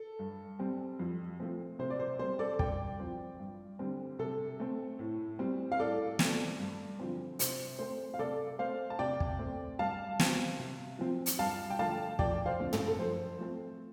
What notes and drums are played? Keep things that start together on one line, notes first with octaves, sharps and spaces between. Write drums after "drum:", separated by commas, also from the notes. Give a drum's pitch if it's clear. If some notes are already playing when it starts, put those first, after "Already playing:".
Already playing: A4
G2
G3 C4
F2
F3 A3 C4
C3 C5
D5
C5
G3 C4 C5
A4 D5
G2 D5 G5, drum: kick
F3 C4
G2
D3 G3 C4
C3 A4
A3 C4
A2
G3 C4
F5
A2 A4 D5
A3 C4, drum: snare
G2
D3 F3 C4
C3 C5, drum: hi-hat
A3 C4 C5
F5
C3 A4 D5
A3 C4 C5 F5
A5
C3 D5 G5
drum: kick
A3 C4
G2 F5 A5
G3 C4, drum: snare
C3
F3 C4
drum: hi-hat
G2 F5 A5
G5
D3 F3 A3 F5 A5
F2 D5 G5, drum: kick
C5 F5
D3 F3 A3 C4
A4, drum: tom
A4
F2 C5
F3 A3 C4